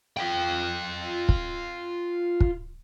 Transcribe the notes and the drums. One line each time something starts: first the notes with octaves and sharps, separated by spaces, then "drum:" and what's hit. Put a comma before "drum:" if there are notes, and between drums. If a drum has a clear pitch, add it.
F4 G5
drum: kick
drum: kick